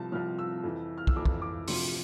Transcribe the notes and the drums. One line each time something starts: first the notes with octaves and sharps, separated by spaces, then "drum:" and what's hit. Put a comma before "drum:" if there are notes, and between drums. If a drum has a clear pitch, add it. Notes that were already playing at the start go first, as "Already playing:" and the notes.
Already playing: C2 C3 F3 A5
C2 C3 F3 F6
E6
F2 E3
F6
E6, drum: kick
F2 E3 D6
drum: kick
D6
D2 C3 F3 C6, drum: open hi-hat